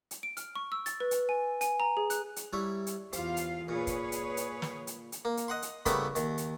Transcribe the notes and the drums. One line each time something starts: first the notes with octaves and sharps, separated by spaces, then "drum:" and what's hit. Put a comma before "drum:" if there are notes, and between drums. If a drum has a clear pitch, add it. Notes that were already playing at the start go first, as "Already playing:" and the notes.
drum: hi-hat
D7
F6, drum: hi-hat
C#6
E6
A6, drum: hi-hat
B4
drum: hi-hat
G#5
G#5, drum: hi-hat
A#5
G#4
F#6, drum: hi-hat
drum: hi-hat
G3 E4 C#5
drum: hi-hat
E2 F4 G4 C5 F5, drum: hi-hat
drum: hi-hat
A#2 G#4 B4 C#5
drum: kick, hi-hat
drum: hi-hat
drum: hi-hat
drum: snare
drum: hi-hat
drum: hi-hat
A#3
drum: hi-hat
D#5 F#5 C6
drum: hi-hat
C#3 G3 A3 B3 E4 A#4, drum: kick, hi-hat
D#2, drum: hi-hat
drum: hi-hat